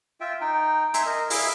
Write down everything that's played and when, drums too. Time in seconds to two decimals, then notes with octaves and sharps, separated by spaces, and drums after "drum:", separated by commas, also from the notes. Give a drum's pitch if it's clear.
0.21 F4 E5 G5
0.41 D#4 G5
0.94 D#4 E5 G#5 C6, drum: hi-hat
1.06 A#4 D#5
1.30 E4 G#4 E5 F5, drum: open hi-hat